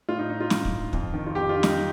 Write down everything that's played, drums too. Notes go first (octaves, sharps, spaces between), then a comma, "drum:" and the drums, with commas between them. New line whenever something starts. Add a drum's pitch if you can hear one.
A2 F4
D#4
D#4
F4
A2, drum: snare
drum: kick
F2, drum: kick
D#3
F4
F2 G4
F4
D#3
D#4, drum: snare